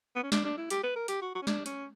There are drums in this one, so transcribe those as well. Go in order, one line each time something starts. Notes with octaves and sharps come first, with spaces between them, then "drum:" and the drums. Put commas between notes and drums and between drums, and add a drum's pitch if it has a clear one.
B3
C#4
D4, drum: snare
D4
E4
G4, drum: hi-hat
B4
A#4
G4, drum: hi-hat
F#4
F#4
C#4
D4, drum: snare
C#4, drum: hi-hat